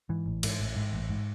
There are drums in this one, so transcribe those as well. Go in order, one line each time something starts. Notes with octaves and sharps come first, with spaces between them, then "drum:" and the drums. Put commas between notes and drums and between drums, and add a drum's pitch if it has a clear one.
G#2 E3
A1
G#2, drum: cymbal
A1
G#2
A1
G#2